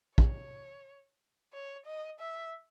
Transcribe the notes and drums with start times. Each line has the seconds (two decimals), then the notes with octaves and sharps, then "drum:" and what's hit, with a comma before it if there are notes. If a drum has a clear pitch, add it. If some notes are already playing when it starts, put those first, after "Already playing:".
0.18 C#5, drum: kick
1.53 C#5
1.86 D#5
2.20 E5